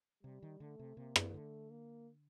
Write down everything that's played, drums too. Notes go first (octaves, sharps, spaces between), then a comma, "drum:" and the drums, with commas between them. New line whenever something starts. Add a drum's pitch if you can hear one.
C3 G3
D#3
D3 A3
C3
C3 A#3
drum: rim click
D3 A3
A#3